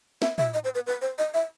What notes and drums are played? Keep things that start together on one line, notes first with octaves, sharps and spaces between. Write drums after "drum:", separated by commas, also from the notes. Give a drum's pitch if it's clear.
E5, drum: snare
E5, drum: tom
D#5
C5
B4
B4
C5
D#5
E5